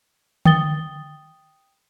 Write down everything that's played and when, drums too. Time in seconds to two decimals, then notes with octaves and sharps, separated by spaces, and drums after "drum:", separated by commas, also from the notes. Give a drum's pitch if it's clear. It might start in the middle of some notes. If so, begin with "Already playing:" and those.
0.45 G5 D#6 A6 G7, drum: tom D3